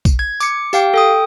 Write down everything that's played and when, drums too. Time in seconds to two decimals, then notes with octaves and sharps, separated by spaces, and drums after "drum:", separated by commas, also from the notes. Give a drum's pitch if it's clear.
0.05 drum: kick, tambourine
0.19 G#6
0.40 D6 C#7, drum: tambourine
0.73 G4 F5 G5, drum: tambourine
0.94 A4 G5 D#6